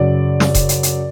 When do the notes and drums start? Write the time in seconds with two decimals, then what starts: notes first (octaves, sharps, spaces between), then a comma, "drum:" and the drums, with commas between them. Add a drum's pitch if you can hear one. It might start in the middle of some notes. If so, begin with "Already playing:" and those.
Already playing: F#2 C#3 F#3 D5
0.40 drum: snare
0.55 drum: kick E1, hi-hat
0.69 drum: hi-hat
0.83 drum: hi-hat